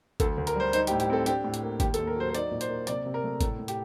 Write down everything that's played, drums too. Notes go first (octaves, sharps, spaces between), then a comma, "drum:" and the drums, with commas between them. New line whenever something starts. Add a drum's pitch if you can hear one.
D2 A4, drum: kick G#1, hi-hat
D2
A#4, drum: hi-hat
G3 C5
D#4 C5, drum: hi-hat
G4, drum: hi-hat
A2
G4, drum: hi-hat
C4 A4
D4 G4, drum: hi-hat
A2
drum: hi-hat
A#3
D#2 G4, drum: kick G#1, hi-hat
A4, drum: hi-hat
D#2
A#4
F#3 C5
C5
D#4 D5, drum: hi-hat
A#2
C5, drum: hi-hat
A#3
C3 D5, drum: hi-hat
C3
A#4
A3
A2 A4, drum: kick G#1, hi-hat
A2
G4, drum: hi-hat